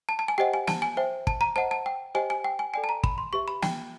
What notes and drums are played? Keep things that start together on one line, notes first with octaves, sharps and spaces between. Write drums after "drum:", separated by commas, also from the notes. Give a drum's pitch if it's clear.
A5
A5
G#5
G4 C5 D#5 F#5 G5
G#5
A5, drum: snare
G#5
C5 E5 G5
A5, drum: kick
A#5
C5 D#5 F#5 A5
A5
G5
G4 C5 D#5 G5 G#5
G#5
G5
G#5
A4 D5 G5 G#5
A5
A#5
B5, drum: kick
C6
G4 B4 E5 C#6
B5
G5, drum: snare